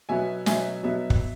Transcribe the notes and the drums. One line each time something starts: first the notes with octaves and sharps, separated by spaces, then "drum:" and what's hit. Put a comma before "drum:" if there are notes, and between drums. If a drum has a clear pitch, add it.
B2 F#3 B3 E5 G#5
B2 F#3 B3 E5 G#5, drum: snare
B2 F#3 B3 E5
drum: kick